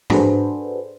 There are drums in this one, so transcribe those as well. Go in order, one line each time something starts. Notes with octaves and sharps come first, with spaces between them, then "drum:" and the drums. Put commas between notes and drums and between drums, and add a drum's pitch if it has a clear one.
D4 F#4 G#4 A4 B4 C5, drum: tom G#2